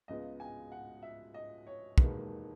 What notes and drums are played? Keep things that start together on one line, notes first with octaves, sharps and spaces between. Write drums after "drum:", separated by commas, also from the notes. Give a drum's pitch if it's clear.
C#2 C#3 G#3 B3 D#5
G#5
F#5
E5
D#5
C#5
E1 D#2 D#3 G#3 B4, drum: kick